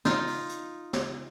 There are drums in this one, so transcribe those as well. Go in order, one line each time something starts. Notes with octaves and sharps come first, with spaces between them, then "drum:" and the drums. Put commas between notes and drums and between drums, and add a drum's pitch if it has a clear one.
D#4 F4, drum: snare
drum: open hi-hat
drum: hi-hat
drum: snare